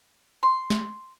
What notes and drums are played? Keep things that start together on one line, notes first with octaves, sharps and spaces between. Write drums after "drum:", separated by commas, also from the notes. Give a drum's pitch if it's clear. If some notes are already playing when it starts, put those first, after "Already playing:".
C6
drum: snare